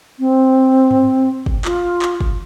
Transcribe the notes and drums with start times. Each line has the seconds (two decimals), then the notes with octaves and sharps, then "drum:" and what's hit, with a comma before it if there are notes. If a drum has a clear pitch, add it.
0.19 C4
0.91 drum: tom G2
1.46 drum: kick
1.65 F4, drum: clap
2.02 drum: clap
2.21 drum: kick